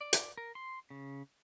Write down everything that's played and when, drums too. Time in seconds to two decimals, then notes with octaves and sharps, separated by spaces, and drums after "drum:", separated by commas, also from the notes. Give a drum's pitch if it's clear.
0.01 D5
0.13 drum: hi-hat
0.37 A#4
0.55 C6
0.90 C#3